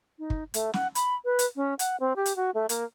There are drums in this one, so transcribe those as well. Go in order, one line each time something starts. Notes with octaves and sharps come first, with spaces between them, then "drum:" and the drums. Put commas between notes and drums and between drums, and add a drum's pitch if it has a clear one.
D#4
drum: kick
A3, drum: hi-hat
F#5, drum: snare
B5, drum: hi-hat
B4
drum: hi-hat
C#4
F#5, drum: hi-hat
C4
G4
drum: hi-hat
F#4
A3
A#3, drum: hi-hat